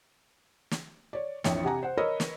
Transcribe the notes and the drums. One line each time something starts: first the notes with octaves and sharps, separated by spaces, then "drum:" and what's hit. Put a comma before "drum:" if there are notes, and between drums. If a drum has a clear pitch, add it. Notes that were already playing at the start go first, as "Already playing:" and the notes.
drum: snare
C#5 D5
A#1 F2 E3 C#5 C#7, drum: snare
C3 G4 F#5 G#5 A#5
C5 F#5
A#4 B4 C#5 D#5 B5 E6
drum: snare